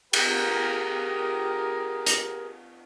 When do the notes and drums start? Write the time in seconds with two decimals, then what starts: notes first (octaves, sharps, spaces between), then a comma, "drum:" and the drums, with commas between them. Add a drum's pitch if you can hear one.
0.13 G4 G#4 A#4, drum: cymbal
2.07 drum: hi-hat